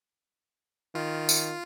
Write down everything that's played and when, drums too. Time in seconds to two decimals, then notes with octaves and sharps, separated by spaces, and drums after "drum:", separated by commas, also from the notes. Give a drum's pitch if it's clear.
0.95 D#3 F4
1.29 drum: tambourine